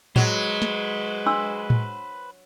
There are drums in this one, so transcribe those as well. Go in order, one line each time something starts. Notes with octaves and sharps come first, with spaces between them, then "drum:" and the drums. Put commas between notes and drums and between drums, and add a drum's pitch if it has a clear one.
F#3 G#3 B4 C5, drum: tom A2
drum: snare
D4 C6 E6
drum: tom A2